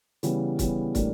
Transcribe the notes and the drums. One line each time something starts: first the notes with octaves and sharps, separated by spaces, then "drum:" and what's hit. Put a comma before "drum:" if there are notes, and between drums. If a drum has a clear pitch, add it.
C#3 E3 G3 B3, drum: hi-hat
C#3 E3 G3 B3, drum: kick, hi-hat
A2 E3 G3 A#3 D4, drum: kick, hi-hat